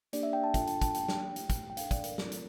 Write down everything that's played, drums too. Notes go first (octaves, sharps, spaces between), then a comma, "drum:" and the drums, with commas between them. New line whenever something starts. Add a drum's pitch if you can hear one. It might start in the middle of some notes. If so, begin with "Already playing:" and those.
A#3 D4 G4 D5, drum: hi-hat
E5
G5
A5
D4 F4 A4 G5, drum: kick, hi-hat
A5, drum: hi-hat
A5, drum: kick, hi-hat
A#3 D4 G4 G5, drum: hi-hat
drum: snare
A3 E4 G4, drum: hi-hat
drum: kick, hi-hat
G5
D4 A4 F5, drum: hi-hat
D5, drum: kick, hi-hat
A#4, drum: hi-hat
A3 C4 F4 A4, drum: snare
drum: hi-hat